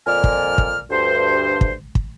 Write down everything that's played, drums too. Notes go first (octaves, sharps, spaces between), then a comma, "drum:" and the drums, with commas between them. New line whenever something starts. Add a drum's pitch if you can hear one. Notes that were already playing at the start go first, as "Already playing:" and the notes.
F2 A#2 D5 G#5 F6
drum: kick
drum: kick
D2 G2 C5
drum: kick
drum: kick